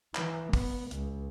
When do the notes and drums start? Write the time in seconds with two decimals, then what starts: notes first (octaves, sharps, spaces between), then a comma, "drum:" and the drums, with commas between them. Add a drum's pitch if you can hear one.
0.15 E3, drum: clap
0.53 B3, drum: kick, open hi-hat
0.91 C#2, drum: hi-hat